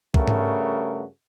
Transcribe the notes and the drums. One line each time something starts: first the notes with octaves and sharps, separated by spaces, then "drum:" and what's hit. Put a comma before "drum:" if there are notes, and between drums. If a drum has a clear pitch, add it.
G2 C#3 A3 C#4 F#4 A#4, drum: kick
drum: tom G#2